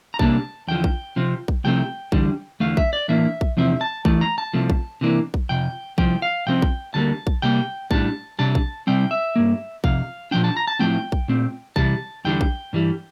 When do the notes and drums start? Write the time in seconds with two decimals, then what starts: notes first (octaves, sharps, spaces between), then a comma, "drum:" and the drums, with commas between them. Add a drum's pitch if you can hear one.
0.14 A#5
0.19 C3 G3 A#3 D4 A5, drum: kick A#1
0.67 E2 D3 F3 G5
0.84 drum: kick A#1
1.16 C3 F3 C4
1.48 drum: kick A#1
1.64 C2 C3 F3 A3 C4 G5
2.12 E2 D3 G3 D4, drum: kick A#1
2.60 E2 D3 A3 F5
2.77 E5, drum: kick A#1
2.93 D5
3.08 A2 E3 A#3 D4 E5
3.41 drum: kick A#1
3.57 E2 C3 F3 C4 E5
3.81 A5
4.05 E2 E3 A3 A5, drum: kick A#1
4.21 A#5
4.38 A5
4.53 C2 C3 F3 A3
4.70 drum: kick A#1
5.01 C3 E3 A#3 D4
5.34 drum: kick A#1
5.49 F2 C3 G5
5.98 C2 C3 F3 G5, drum: kick A#1
6.22 F5
6.47 C2 C3 F3 C4 G5
6.62 drum: kick A#1
6.94 D2 D3 G3 A#3 A5
7.27 drum: kick A#1
7.42 C3 G3 A#3 G5
7.91 A2 G3 D4 A5, drum: kick A#1
8.39 C3 G3 D4 A5
8.55 drum: kick A#1
8.87 C2 C3 G3 C4 G5
9.11 E5
9.36 G2 E3 A#3
9.84 F2 C3 F5, drum: kick A#1
10.31 A#2 F3 A#3 D4 G5
10.44 A5
10.57 A#5
10.67 A5
10.79 A2 F3 A3 C4 G5
11.12 drum: kick A#1
11.28 A#2 A3 C4
11.76 E2 C3 G3 A5, drum: kick A#1
12.25 E2 D3 G3 D4 G5
12.41 drum: kick A#1
12.73 G2 E3 G3